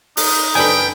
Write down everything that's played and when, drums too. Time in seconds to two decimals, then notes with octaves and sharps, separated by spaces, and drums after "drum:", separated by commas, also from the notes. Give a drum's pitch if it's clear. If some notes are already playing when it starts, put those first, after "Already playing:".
0.17 D#4, drum: open hi-hat
0.55 F#1 D4 A4 B4 G5 G#5